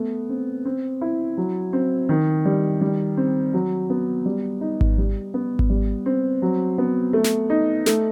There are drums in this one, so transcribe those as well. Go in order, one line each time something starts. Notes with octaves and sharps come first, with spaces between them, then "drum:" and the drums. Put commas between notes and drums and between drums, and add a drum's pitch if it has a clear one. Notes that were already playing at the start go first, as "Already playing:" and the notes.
Already playing: A3 B3
C4
C4
E4
F#3
C4
D#3
G3
G3
C4
F#3
B3
G3
D#4
drum: kick G#1
G3
B3
drum: kick G#1
G3
C4
F#3
B3
A3
drum: snare
D#4
A3, drum: snare